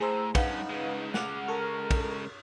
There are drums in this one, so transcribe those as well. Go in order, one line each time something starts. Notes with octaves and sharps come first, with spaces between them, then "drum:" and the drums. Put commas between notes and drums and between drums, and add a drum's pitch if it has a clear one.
A2 G#4 C5 A#5 E6
G2 C#4 D#4 B4 F5 F#5, drum: kick, cymbal
C#3 G#3
F#5 D6 F6, drum: snare
A4 A#4 C#6 F6
drum: kick, cymbal